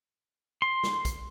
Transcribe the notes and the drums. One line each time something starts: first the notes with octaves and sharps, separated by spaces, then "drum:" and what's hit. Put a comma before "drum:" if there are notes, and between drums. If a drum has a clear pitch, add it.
C6
drum: snare
drum: kick, hi-hat